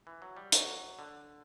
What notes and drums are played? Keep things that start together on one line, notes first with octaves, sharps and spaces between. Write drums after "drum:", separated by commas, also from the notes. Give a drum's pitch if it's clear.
E3
F#3
G3
F#3, drum: hi-hat
D3